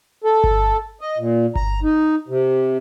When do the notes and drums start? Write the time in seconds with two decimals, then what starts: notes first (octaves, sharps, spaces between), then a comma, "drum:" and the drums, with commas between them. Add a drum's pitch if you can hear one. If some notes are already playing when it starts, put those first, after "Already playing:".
0.24 A4
0.44 drum: kick G1
1.01 D#5
1.18 A#2
1.55 A#5, drum: kick G1
1.83 D#4
2.28 C3